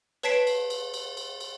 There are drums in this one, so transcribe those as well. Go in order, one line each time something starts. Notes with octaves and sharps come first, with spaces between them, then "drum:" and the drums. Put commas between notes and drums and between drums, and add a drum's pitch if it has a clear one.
B4 C#5 A5 B6 C7 D7, drum: cymbal
drum: cymbal
drum: cymbal
drum: cymbal
drum: cymbal
drum: cymbal